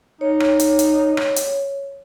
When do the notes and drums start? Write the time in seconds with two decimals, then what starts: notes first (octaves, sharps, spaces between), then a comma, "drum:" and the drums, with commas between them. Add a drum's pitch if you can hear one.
0.21 D#4 C#5
0.40 drum: rim click
0.60 drum: hi-hat
0.79 drum: hi-hat
1.17 drum: rim click
1.36 drum: hi-hat